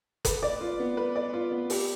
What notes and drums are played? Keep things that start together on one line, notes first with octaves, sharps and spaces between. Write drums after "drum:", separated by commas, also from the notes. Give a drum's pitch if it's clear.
B4, drum: kick F#1, hi-hat
D5
F4
B3
B4
D5
F4
B3
G4, drum: open hi-hat